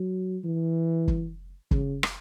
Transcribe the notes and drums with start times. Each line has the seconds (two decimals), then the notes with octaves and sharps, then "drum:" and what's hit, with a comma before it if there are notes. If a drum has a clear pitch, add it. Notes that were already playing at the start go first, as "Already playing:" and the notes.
Already playing: F#3
0.44 E3
1.08 drum: kick
1.71 C#3, drum: kick
2.03 drum: rim click